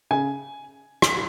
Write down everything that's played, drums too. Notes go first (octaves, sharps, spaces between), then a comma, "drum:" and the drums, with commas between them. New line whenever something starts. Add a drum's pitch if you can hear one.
C#3 G#5
drum: rim click